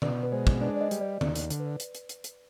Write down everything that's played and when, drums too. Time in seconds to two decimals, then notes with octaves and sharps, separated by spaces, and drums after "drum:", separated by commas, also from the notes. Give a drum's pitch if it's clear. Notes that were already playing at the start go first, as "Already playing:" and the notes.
0.02 B2 D5, drum: tom D3
0.23 B4
0.32 G#3 C5
0.47 drum: kick
0.61 D4 D5
0.76 D5
0.81 D#5
0.91 G3, drum: hi-hat
1.01 D5
1.21 D#2 D5, drum: tom D3
1.35 drum: hi-hat
1.50 D3, drum: hi-hat
1.60 B4
1.80 drum: hi-hat
1.95 drum: hi-hat
2.09 drum: hi-hat
2.24 drum: hi-hat